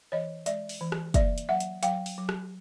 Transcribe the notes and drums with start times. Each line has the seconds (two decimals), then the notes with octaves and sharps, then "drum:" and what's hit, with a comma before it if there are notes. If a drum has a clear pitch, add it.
0.12 E3 C#5 D#5
0.46 G#3 D5 E5, drum: hi-hat
0.69 drum: open hi-hat
0.81 E3
0.92 drum: rim click
1.14 A#3 D5 E5, drum: kick, hi-hat
1.38 drum: hi-hat
1.49 F#3 E5 F#5
1.60 drum: hi-hat
1.83 F#3 F5 G5, drum: hi-hat
2.06 drum: open hi-hat
2.18 F#3
2.29 drum: rim click